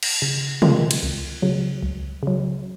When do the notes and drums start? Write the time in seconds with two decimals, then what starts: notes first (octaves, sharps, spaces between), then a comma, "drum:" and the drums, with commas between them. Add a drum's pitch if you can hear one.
0.03 drum: cymbal
0.22 C#3
0.62 G#3 C4 F4 A#4, drum: tom
0.91 drum: cymbal
1.03 C#2
1.42 C#3 F#3
1.83 C#2
2.23 C#3 F#3